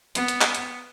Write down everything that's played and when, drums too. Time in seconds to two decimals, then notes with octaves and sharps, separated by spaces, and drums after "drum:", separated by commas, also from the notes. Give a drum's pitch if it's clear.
0.15 B3, drum: hi-hat
0.28 drum: hi-hat
0.41 drum: clap
0.54 drum: hi-hat